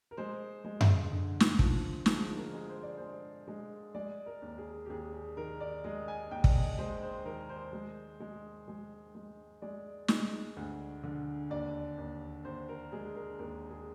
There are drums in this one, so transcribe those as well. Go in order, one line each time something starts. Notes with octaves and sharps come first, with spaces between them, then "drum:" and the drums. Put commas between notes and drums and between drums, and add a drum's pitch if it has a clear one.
A#4
G#3 C5
G#3
drum: tom F#2
D3
drum: snare
F3, drum: kick
F3 G#4, drum: snare
A#4
G#3
C5
D5
G#3 C5
G#3
G#3 D5
A#4
D#2
G#4
G4
D#2 G#4
G#4
D#3 A#4
D5
G#3 D#5
G#5
D#2 G5
D5, drum: kick
D#5
G#3 C5
C5
D#3 A#4
C5
G#3
G#3
G#3
G#3
G#3 D5
G#3, drum: snare
D2
D3
D#2 D5
D#2
D#2 C5
A#4
G#3 G#4
A#4
D#2 A#4
G#4